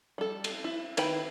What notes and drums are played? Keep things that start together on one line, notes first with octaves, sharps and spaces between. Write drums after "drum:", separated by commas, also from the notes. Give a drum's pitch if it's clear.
G3 A4
drum: cymbal
E4
D#3 E4 B4 G5 B5, drum: cymbal